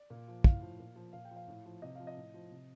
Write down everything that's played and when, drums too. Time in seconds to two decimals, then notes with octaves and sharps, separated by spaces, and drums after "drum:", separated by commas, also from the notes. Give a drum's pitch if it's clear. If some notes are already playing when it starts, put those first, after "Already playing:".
Already playing: D5
0.10 A#2
0.28 F3
0.44 A2 F5, drum: kick
0.62 F3
0.79 A#2
0.96 F3
1.13 A#2 F5
1.25 G5
1.31 F3
1.36 F5
1.48 A2
1.65 F3
1.82 C3 D#5
1.95 F3 F5
2.07 D#5
2.17 A2
2.34 F3
2.51 C3